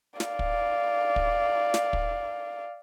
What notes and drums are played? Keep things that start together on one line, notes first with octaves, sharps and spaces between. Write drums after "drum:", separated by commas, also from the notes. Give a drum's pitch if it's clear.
D5 F5, drum: snare
drum: kick
drum: kick
drum: snare
drum: kick